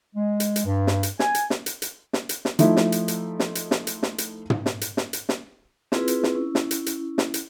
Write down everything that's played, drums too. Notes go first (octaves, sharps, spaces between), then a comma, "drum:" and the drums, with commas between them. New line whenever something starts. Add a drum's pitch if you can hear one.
G#3
drum: hi-hat
drum: hi-hat
G2
drum: snare
drum: hi-hat
G#5, drum: snare
drum: hi-hat
drum: snare
drum: hi-hat
drum: hi-hat
drum: snare
drum: hi-hat
drum: snare
F3 A3 D#4 E4, drum: hi-hat
drum: snare
drum: hi-hat
drum: hi-hat
drum: snare
drum: hi-hat
drum: snare
drum: hi-hat
drum: snare
drum: hi-hat
drum: tom
drum: snare
drum: hi-hat
drum: snare
drum: hi-hat
drum: snare
C4 E4 F4 G#4 B4, drum: snare
drum: hi-hat
drum: snare
C#4 E4
drum: snare
drum: hi-hat
drum: hi-hat
drum: snare
drum: hi-hat